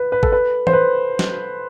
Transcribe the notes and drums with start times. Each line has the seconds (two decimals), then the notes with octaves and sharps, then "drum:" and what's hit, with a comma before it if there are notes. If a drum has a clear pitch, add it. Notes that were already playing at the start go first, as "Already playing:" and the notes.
Already playing: B4
0.12 B4
0.23 A4, drum: kick G#1
0.32 B4
0.67 C5, drum: tom E3
0.73 B4
1.19 drum: snare